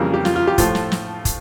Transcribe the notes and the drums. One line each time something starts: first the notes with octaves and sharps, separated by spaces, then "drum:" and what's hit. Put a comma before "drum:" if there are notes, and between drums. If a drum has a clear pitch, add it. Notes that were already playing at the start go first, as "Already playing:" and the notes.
Already playing: F2 C#3 E3 G3 A#3
G4
F4, drum: snare
F4
G4
A2 F3 A3 F4, drum: kick, hi-hat
drum: snare
drum: snare
drum: kick, hi-hat